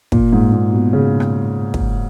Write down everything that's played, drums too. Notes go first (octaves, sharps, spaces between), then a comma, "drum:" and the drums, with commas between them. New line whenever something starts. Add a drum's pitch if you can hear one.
A#2, drum: kick
G#2
A#2
B2
C#3
drum: rim click
drum: kick